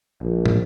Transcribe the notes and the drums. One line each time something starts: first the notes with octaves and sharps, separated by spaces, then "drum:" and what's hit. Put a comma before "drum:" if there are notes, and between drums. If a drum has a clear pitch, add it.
A#1
drum: tom